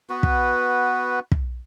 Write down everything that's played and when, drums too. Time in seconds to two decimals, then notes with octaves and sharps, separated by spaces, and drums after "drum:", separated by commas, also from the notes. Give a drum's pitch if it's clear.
0.10 B3 F#4 B4
0.23 drum: kick
1.32 drum: kick